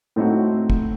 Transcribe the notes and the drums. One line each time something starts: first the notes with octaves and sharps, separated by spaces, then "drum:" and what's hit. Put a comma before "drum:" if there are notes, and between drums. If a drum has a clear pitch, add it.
A2 A3 C4 D#4 F#4
drum: kick